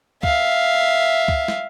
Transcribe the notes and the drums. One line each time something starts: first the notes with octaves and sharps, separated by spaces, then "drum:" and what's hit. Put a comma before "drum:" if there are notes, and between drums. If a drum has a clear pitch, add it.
E5 F5, drum: kick C#2
drum: kick C#2
drum: snare